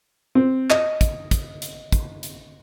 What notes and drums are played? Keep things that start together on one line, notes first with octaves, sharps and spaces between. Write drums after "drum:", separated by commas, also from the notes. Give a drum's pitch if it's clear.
C4
D#5, drum: clap
drum: kick, hi-hat
drum: kick, hi-hat
drum: hi-hat
drum: kick, hi-hat
drum: hi-hat